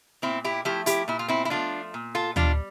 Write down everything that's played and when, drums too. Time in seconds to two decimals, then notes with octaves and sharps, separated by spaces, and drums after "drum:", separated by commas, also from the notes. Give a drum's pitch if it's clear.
0.22 A#2 C4 E4
0.44 E4 G4
0.65 F3 A3 E4 G4
0.86 E4 G4, drum: hi-hat
1.08 A#2 E4
1.19 F4
1.28 C4 E4
1.45 E4
1.50 F3 A3 D4 F4
1.94 A#2
2.15 F4 A4
2.36 G3 D4 F4, drum: tom D2